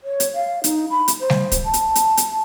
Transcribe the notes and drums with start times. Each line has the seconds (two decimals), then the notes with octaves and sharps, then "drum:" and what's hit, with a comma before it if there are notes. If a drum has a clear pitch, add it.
0.04 C#5
0.20 drum: hi-hat
0.34 F5
0.64 D#4, drum: hi-hat
0.90 B5
1.08 drum: hi-hat
1.20 C5
1.30 drum: snare G3
1.52 drum: kick, hi-hat
1.64 A5
1.73 drum: hi-hat
1.95 drum: hi-hat
2.17 drum: hi-hat